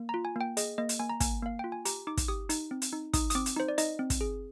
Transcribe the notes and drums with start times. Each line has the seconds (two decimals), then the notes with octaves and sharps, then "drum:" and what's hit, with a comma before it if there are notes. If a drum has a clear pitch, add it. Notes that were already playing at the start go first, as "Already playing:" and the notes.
Already playing: A#3
0.09 A#5
0.14 F4
0.25 G#5
0.36 A#3 G5
0.57 G#4 D#5, drum: hi-hat
0.78 A#3 D#5
0.89 drum: hi-hat
0.99 A#3 G#5
1.09 A#5
1.20 A#3 G#5, drum: kick, hi-hat
1.42 A#3 F5
1.59 F4 G5
1.72 G#5
1.85 G4 A#5, drum: hi-hat
2.07 D#4 D6
2.17 drum: kick, hi-hat
2.28 G4 D#6
2.50 D#4, drum: hi-hat
2.71 C4
2.82 drum: hi-hat
2.93 D#4
3.13 D#4 D#6, drum: kick, hi-hat
3.30 D#6, drum: hi-hat
3.35 C4 D6
3.46 drum: hi-hat
3.56 D#4 C5
3.68 D5
3.78 D#4 D#5, drum: hi-hat
3.99 C4
4.10 drum: kick, hi-hat
4.21 G#4